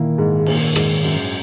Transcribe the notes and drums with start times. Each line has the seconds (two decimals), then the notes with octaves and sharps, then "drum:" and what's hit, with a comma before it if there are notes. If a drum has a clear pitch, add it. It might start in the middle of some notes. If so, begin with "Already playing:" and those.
Already playing: A#2 D#3 E3 A#3 E4
0.18 G#2 G#3
0.39 G#3
0.46 A#2 A#3, drum: cymbal
0.75 G#2 G#3, drum: rim click
1.03 F#2 F#3